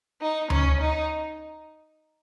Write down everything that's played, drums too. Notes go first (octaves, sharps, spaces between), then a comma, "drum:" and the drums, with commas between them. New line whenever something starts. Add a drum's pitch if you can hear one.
D#4
C#4, drum: tom D2
D#4